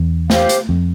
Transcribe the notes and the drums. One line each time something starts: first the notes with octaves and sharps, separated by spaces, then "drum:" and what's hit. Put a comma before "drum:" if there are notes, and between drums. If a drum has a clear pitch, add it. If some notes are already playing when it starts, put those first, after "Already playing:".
Already playing: E2
G4 C5 F5, drum: snare
drum: hi-hat
F2